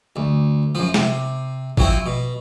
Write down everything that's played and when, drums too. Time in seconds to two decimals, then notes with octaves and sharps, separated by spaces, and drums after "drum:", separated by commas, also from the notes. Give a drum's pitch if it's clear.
0.16 D2
0.75 F#2 F3
0.94 C3, drum: snare
1.77 F3 F#3 C4 E4, drum: kick G#1
2.06 B2